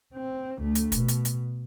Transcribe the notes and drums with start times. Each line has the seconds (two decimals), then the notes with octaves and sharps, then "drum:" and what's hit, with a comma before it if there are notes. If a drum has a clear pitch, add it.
0.14 C4
0.59 D2 A3
0.75 drum: hi-hat
0.92 B2, drum: kick, hi-hat
1.08 drum: hi-hat
1.25 drum: hi-hat